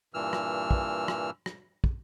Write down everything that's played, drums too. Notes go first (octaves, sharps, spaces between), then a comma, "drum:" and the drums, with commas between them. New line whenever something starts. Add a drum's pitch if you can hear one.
G2 A#2 E3 E6 F6
drum: rim click
drum: kick
drum: rim click
drum: rim click
drum: kick